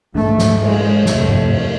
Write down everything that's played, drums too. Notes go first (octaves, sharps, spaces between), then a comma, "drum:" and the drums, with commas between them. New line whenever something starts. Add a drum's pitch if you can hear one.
G#2 A3, drum: tom
drum: snare
G#3, drum: cymbal
F2 C3 A3, drum: snare
drum: tom G#2
drum: cymbal